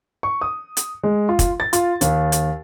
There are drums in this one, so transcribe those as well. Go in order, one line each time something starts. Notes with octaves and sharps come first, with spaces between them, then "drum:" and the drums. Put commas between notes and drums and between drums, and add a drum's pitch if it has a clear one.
C#6
D#6
drum: hi-hat
G#3
F4
drum: kick, hi-hat
A6
F4, drum: hi-hat
D#2, drum: hi-hat
drum: hi-hat